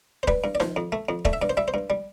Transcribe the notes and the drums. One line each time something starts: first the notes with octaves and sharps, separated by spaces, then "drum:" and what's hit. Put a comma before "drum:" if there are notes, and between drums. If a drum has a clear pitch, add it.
C5
G3 B4, drum: kick
G2
D5
F3 C5, drum: snare D#4
F2
A3
F2
A3 D5, drum: kick
E5
G2 D5
C5
G3 E5
C5
G2
G3